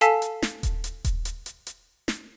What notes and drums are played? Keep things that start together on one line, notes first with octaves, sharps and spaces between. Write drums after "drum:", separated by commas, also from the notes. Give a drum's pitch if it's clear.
A4 F5 G#5 A5 E6 B6, drum: hi-hat
drum: hi-hat
drum: snare
drum: kick D#1, hi-hat
drum: hi-hat
drum: kick D#1, hi-hat
drum: hi-hat
drum: hi-hat
drum: hi-hat
drum: snare